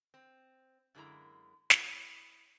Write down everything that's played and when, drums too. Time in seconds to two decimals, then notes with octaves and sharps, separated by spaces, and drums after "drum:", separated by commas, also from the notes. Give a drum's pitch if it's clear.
0.14 C4
0.95 F#2 D3 G#3 A#3 E4 A#5
1.70 E4 G#4, drum: snare